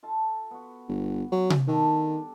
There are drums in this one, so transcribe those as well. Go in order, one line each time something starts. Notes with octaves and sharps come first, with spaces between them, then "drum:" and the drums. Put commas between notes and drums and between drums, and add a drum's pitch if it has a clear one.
F4 A4 A5
B3 F#4
G1
F#3
drum: tom C3
D#3 G3 D4 A4